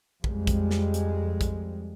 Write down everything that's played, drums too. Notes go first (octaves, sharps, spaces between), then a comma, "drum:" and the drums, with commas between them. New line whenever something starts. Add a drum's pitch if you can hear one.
F2 G3 G#3, drum: kick A#1
drum: kick A#1, hi-hat
drum: snare
drum: hi-hat
drum: kick A#1, hi-hat